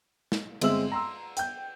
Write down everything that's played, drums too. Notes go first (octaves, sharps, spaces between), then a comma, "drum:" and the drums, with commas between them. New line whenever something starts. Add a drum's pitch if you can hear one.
drum: snare
G1 G#3 C4 E5 E6 F#7, drum: cymbal
A#5 C6 E6
G5 G6, drum: hi-hat